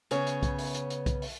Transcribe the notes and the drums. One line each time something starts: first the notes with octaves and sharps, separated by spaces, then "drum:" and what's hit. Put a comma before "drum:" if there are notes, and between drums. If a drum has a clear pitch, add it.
C#3 B3 C#4, drum: hi-hat
drum: hi-hat
drum: kick B1, hi-hat
drum: open hi-hat
drum: hi-hat
drum: hi-hat
drum: kick B1, hi-hat
drum: open hi-hat